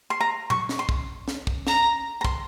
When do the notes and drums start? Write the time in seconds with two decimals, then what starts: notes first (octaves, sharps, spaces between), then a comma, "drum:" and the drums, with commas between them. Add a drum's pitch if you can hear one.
0.10 C6
0.21 A#5
0.50 C#6, drum: tom A#2
0.69 drum: snare
0.79 C6
0.89 drum: kick
1.28 drum: snare
1.47 drum: kick
1.67 A#5, drum: snare
2.21 A#5
2.24 C6, drum: kick